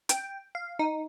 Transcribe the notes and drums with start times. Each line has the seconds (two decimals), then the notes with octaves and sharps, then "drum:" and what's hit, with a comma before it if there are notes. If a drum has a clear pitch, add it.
0.09 G5, drum: hi-hat
0.55 F5
0.79 D#4